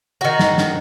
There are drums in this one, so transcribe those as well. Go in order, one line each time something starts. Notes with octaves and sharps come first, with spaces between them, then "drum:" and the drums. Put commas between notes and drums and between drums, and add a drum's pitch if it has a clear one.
D#3 F#4
drum: snare
drum: snare